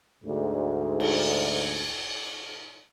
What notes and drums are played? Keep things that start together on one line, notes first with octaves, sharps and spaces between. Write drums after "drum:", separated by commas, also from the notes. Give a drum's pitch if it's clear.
D2 G#2
drum: cymbal